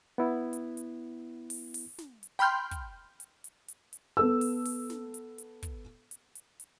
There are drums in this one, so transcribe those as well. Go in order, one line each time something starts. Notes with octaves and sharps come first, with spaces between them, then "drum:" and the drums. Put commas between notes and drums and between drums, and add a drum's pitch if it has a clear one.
B3 E4
drum: hi-hat
drum: hi-hat
drum: open hi-hat
drum: open hi-hat
drum: snare
drum: hi-hat
G5 B5 C6 F6 G6
drum: kick, hi-hat
drum: hi-hat
drum: hi-hat
drum: hi-hat
drum: hi-hat
B3 A4 E6
drum: open hi-hat
drum: open hi-hat
drum: snare
drum: hi-hat
drum: hi-hat
drum: kick, hi-hat
drum: hi-hat
drum: hi-hat
drum: hi-hat